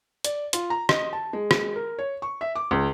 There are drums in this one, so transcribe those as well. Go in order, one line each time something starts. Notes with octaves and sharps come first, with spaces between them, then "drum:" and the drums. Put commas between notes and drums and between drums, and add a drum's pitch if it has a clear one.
D5, drum: hi-hat
F4, drum: hi-hat
A#5
D#5, drum: rim click
A5
G#3
drum: rim click
A#4
C#5
C#6
E5
D6
C#2